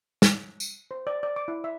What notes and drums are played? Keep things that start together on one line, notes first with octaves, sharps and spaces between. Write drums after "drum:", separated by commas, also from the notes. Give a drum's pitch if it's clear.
drum: snare
drum: tambourine
C5
D5
D5
D6
E4
E5